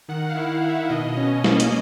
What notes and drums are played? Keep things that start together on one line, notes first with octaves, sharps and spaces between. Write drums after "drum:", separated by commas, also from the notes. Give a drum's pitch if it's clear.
D#3 F#5
F5
E4
F#5
E4
E5
B2 D#5
C#4
A#3, drum: snare
drum: hi-hat